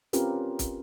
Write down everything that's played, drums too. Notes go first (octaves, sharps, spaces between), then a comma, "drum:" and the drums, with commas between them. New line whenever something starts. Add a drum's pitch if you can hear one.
C4 C#4 F4 G4 A#4 B4, drum: hi-hat
drum: kick, hi-hat